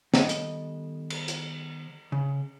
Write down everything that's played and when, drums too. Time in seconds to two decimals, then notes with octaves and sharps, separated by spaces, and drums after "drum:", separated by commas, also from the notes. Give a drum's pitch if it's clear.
0.14 D#3 G3 B3 A4 D#5, drum: snare
0.29 drum: hi-hat
1.10 drum: cymbal
1.28 drum: hi-hat
2.12 C#3